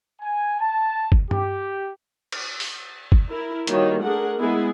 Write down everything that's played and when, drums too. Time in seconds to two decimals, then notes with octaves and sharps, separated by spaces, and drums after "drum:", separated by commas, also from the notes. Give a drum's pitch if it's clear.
0.21 G#5
0.61 A5
1.12 drum: kick F#1
1.31 G4, drum: tom G2
2.32 drum: cymbal
2.60 drum: open hi-hat
3.12 drum: kick F#1
3.29 E4 A#4
3.67 D#3 G3 A#3 F#4 C#5, drum: hi-hat
4.03 A3 D4 G#4 A#4 F#5
4.38 G#3 B3 E4 G#4